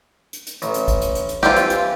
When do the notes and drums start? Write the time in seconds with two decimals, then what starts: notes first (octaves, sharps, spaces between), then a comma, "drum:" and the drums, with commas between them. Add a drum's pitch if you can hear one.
0.33 drum: hi-hat
0.47 drum: hi-hat
0.62 A1, drum: hi-hat
0.74 drum: hi-hat
0.88 drum: kick, hi-hat
1.02 drum: hi-hat
1.15 drum: hi-hat
1.29 drum: hi-hat
1.43 E3 C4 F4 G4, drum: snare
1.56 drum: hi-hat
1.70 drum: hi-hat